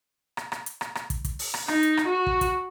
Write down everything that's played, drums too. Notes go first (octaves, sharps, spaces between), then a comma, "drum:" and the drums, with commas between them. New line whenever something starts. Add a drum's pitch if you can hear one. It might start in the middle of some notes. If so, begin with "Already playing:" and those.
drum: rim click
drum: rim click
drum: hi-hat
drum: rim click
drum: rim click
drum: kick, hi-hat
drum: kick, hi-hat
drum: open hi-hat
drum: rim click
D#4, drum: rim click
drum: hi-hat
drum: rim click
F#4
drum: kick
drum: kick, hi-hat